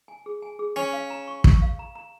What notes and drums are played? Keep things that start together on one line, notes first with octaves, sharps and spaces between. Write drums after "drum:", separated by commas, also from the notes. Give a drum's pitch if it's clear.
G#5
G#4
G#5
G#4
C#4 C#6
F5
A#5
C#6
C#6, drum: kick
F5
A#5
A#5